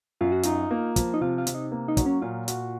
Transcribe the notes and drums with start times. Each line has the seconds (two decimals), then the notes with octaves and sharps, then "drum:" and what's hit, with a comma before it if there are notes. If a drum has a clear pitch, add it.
0.21 F#2 F4
0.32 F#4
0.43 D#4 F4, drum: hi-hat
0.71 A#3
0.96 F3, drum: kick, hi-hat
1.14 D#4
1.21 C3 F4
1.38 F4
1.47 C3, drum: hi-hat
1.55 D#4
1.72 A#3
1.88 D#4
1.97 F#3, drum: kick, hi-hat
2.06 C#4
2.22 A#2 F4
2.48 F#4, drum: hi-hat